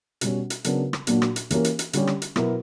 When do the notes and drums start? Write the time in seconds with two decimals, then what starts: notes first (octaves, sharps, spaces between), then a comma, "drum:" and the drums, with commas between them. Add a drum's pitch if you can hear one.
0.21 B2 G3 C#4, drum: hi-hat
0.50 drum: hi-hat
0.64 C#3 F#3 B3 D4 A#4, drum: hi-hat
0.93 drum: rim click
1.07 A#2 F#3 A#3 D4 F#4, drum: hi-hat
1.22 drum: rim click
1.36 drum: hi-hat
1.50 E3 A#3 C#4 G4 A#4, drum: hi-hat
1.65 drum: hi-hat
1.79 drum: hi-hat
1.93 D3 G3 C#4 G4, drum: hi-hat
2.07 drum: rim click
2.22 drum: hi-hat
2.36 B2 F#3 B3 E4 A#4, drum: rim click